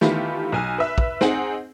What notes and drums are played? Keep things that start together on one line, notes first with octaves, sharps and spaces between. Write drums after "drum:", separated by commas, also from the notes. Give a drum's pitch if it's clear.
D#3 E3 A3 B3 F4 G4, drum: snare
B1 G#5 F6
B4 E5
drum: kick
C4 D#4 G#4 F#5, drum: snare